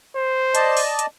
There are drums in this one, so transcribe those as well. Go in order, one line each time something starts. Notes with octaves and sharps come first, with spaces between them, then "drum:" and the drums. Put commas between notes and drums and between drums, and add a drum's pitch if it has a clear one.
C5
D5 D#5 A5, drum: hi-hat
drum: open hi-hat
drum: hi-hat